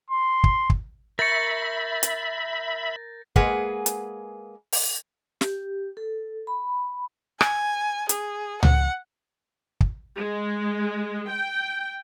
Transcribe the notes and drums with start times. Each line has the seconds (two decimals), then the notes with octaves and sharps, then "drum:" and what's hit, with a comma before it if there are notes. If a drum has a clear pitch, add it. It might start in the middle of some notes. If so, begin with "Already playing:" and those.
0.10 C6
0.44 drum: kick
0.70 drum: kick
1.19 A#4 E5 B5 C#6 G6 A6 A#6
2.03 drum: hi-hat
3.36 G#3 A#3 G#4 B4 F#5, drum: kick
3.86 drum: hi-hat
4.72 drum: open hi-hat
5.41 G4, drum: snare
5.97 A4
6.47 B5
7.41 G#5, drum: rim click
8.09 G#4, drum: hi-hat
8.63 F#5, drum: tom C#2
9.81 drum: kick
10.16 G#3
11.30 G5